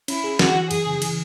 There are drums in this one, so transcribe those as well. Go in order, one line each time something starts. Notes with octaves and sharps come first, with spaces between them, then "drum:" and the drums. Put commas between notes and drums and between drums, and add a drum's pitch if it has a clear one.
C#4 E4, drum: cymbal
G#4
E3 F#4, drum: snare
E3
F#2 G#4, drum: cymbal
C#3
E3, drum: cymbal